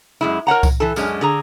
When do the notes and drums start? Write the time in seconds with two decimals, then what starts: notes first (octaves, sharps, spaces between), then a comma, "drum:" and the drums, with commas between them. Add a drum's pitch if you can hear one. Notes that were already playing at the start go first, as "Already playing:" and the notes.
0.21 F#2 G#3 E4
0.47 A#4 C#5 F#5 A#5
0.63 drum: kick C2, tambourine
0.80 E3 A4
0.96 F#2 G#3 C#4 D4, drum: tambourine
1.21 D3 G#4 A#5